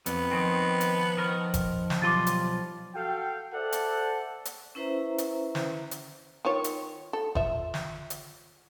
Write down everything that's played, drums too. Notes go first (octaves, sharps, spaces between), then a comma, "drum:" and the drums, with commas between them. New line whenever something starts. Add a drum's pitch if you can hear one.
F2 B3, drum: hi-hat
D#3 F3 C4
drum: hi-hat
D#3 A#4
drum: kick F#1, hi-hat
drum: snare
B1 G3 F4 C6 D6 A6
drum: hi-hat
F#4 A4 F5 G5
A4 C5 D5 E5 F#5 A5
drum: hi-hat
drum: hi-hat
C#4 E4 B4 C5 E5 A#5
drum: hi-hat
drum: snare
drum: hi-hat
D#3 F4 C#5
drum: hi-hat
A4
F4 E5, drum: kick F#1
drum: snare
drum: hi-hat